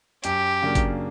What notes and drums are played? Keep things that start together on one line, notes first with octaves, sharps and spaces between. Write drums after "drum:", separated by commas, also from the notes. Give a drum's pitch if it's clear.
F#2 G4, drum: hi-hat
C#3 F#3 A#3 D4
drum: kick G1, hi-hat